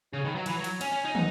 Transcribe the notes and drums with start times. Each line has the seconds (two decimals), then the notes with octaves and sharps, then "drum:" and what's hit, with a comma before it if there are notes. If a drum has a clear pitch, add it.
0.13 C#3 C#5
0.24 D#3 B4
0.35 F#3 C#5
0.46 E3 B4, drum: cymbal
0.55 F#3 C#5
0.64 drum: cymbal
0.81 C#4 G#5, drum: cymbal
0.92 C#4
1.05 D#4
1.15 F#5, drum: tom